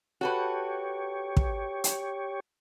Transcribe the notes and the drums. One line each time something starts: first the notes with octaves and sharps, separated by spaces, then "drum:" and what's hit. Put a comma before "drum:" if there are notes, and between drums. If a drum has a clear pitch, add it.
F#4 G4 A4 B4 C#5
drum: kick
drum: hi-hat